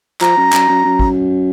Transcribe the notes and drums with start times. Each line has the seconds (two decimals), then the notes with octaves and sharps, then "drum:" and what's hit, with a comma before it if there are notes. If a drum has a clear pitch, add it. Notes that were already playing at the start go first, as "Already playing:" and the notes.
0.21 F3 A#5, drum: clap
0.37 F#2
0.53 F#2, drum: clap
0.69 F#2
0.84 F#2
0.99 drum: kick